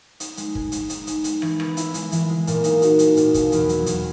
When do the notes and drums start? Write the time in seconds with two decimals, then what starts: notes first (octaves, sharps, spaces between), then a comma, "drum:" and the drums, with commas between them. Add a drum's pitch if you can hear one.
0.20 D#4, drum: hi-hat
0.37 G#3, drum: hi-hat
0.55 G#4, drum: kick
0.72 G#3, drum: hi-hat
0.90 D#4, drum: hi-hat
1.07 G#3, drum: hi-hat
1.24 G#3, drum: hi-hat
1.42 E3, drum: rim click
1.60 B3, drum: rim click
1.77 E4, drum: hi-hat
1.94 G#3, drum: hi-hat
2.12 E3, drum: hi-hat
2.29 G#3
2.47 A#2, drum: hi-hat
2.64 D#4, drum: hi-hat
2.82 F#4, drum: hi-hat
2.99 G#3, drum: hi-hat
3.17 A#2, drum: hi-hat
3.34 B2, drum: kick, hi-hat
3.52 E2, drum: hi-hat
3.69 F#3, drum: hi-hat
3.86 E2, drum: hi-hat